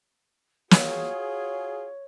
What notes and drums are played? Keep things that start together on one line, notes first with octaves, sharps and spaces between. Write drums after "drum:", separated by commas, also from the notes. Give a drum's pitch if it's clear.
F4 F#4 G#4 C#5, drum: snare